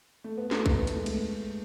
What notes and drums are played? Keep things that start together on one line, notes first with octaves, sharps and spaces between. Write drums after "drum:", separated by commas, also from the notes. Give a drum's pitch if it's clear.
A3
B3
A3, drum: snare
A3, drum: kick
B3
A3, drum: hi-hat
G#3
A3, drum: cymbal